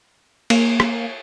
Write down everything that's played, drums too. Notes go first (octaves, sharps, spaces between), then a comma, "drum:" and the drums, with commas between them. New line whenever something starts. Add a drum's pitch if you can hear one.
A#3, drum: cymbal
drum: rim click